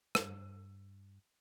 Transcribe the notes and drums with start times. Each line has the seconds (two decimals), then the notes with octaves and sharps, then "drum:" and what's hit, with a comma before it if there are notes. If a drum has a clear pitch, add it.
0.15 G2, drum: rim click